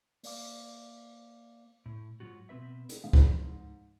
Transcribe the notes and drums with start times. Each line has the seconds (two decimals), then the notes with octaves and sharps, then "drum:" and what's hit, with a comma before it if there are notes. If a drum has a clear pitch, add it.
0.23 A#3 D5 F5 D6, drum: open hi-hat
1.86 A2
2.20 G#2 F#3 F4 F#4
2.49 B2 G#3 C4 B4 E5
2.89 drum: hi-hat
3.04 G#2
3.13 drum: kick C#2